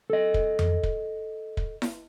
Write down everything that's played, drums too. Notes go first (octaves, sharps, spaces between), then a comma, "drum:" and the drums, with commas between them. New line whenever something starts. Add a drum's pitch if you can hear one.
A4 D#5
drum: kick
drum: tom F2
drum: kick
drum: kick
drum: snare E4